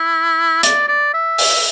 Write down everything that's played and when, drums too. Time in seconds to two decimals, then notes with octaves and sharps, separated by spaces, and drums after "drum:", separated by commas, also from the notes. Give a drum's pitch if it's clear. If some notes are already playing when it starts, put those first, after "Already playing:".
Already playing: E4
0.63 D5, drum: hi-hat
0.88 D5
1.14 E5
1.38 drum: open hi-hat